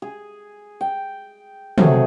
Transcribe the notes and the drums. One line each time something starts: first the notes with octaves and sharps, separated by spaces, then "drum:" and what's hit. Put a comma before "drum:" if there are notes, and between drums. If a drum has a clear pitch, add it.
G#4
G5
C3 F#3 A3 G#4, drum: tom